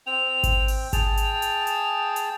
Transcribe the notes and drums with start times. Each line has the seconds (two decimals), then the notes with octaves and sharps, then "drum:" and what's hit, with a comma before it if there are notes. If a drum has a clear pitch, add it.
0.07 C4 G5 F7
0.43 drum: kick G#1, hi-hat
0.68 drum: open hi-hat
0.93 G#4 G5 A5 F7, drum: kick G#1, hi-hat
1.17 drum: hi-hat
1.42 drum: hi-hat
1.67 drum: hi-hat
2.16 drum: hi-hat